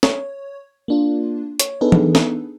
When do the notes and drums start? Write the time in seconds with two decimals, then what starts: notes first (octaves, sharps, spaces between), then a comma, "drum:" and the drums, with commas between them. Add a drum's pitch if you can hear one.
0.03 C#5, drum: snare
0.88 A#3 D4 F4
1.60 C#5, drum: hi-hat
1.81 B3 D4 D#4 G#4 A4 B4
1.92 drum: tom E3
2.15 drum: snare